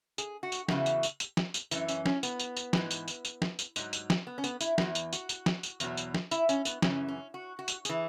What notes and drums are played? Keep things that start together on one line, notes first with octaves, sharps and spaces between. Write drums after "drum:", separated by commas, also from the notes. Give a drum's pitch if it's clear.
G#4, drum: tambourine
F#4
drum: tambourine
E2 C#3 E3 F#4, drum: snare
drum: tambourine
drum: tambourine
drum: tambourine
drum: snare
drum: tambourine
F#2 E3, drum: tambourine
C#4, drum: tambourine
C#4, drum: snare
B3, drum: tambourine
drum: tambourine
drum: tambourine
G#2 E3, drum: snare
drum: tambourine
drum: tambourine
drum: tambourine
drum: snare
drum: tambourine
G#2 F#3, drum: tambourine
drum: tambourine
drum: snare
B3
C#4
B3, drum: tambourine
E4, drum: tambourine
E2 E3 F#4, drum: snare
drum: tambourine
F#4, drum: tambourine
drum: tambourine
drum: snare
drum: tambourine
E2 B2 F#3, drum: tambourine
drum: tambourine
drum: snare
E4, drum: tambourine
C#4, drum: tambourine
B3, drum: tambourine
F#2 C#3 E3 C#4, drum: snare
C#4
F#4
F#4
drum: tambourine
E3 G#4, drum: tambourine